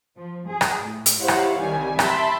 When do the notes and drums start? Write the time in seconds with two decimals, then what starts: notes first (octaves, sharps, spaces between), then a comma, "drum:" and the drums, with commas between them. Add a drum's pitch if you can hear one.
0.16 F3
0.48 G#4
0.61 drum: rim click
0.83 A2
1.06 drum: hi-hat
1.19 E4 G4 C5 C#5 F5 F#5
1.28 drum: rim click
1.58 C2 D#3 G3 G#5
1.99 E5 G5 A5 B5 C6, drum: rim click